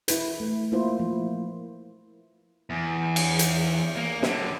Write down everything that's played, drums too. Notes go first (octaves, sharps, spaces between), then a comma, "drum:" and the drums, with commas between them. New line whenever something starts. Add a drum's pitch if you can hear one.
E4 B4, drum: hi-hat
A3
A#3 E4 F4 C5
F3
E2
drum: cymbal
drum: hi-hat
A#3
D3 F#3, drum: snare